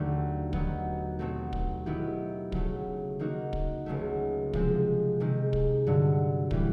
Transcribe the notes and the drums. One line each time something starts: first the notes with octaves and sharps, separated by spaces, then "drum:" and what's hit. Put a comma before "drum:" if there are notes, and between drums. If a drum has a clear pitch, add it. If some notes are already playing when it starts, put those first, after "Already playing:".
Already playing: D#2 D3 F#3 A3
D#3 F#3 B3, drum: kick
B2 F#3 A3 C4
drum: kick
D#3 F#3 B3 E4 G4
C#3 F#3 A3, drum: kick
D#3 F#3 A#3 D#4 F#4
drum: kick
C#2 C#3 F#3 A3
C3 F3 G#3 C4, drum: kick
C3 D#3 G#3
drum: kick
G2 D3 F#3
A2 E3 G3, drum: kick